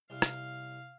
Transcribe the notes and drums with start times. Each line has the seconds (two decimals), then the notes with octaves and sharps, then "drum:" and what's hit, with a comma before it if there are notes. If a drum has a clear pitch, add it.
0.10 C2 F5
0.22 drum: rim click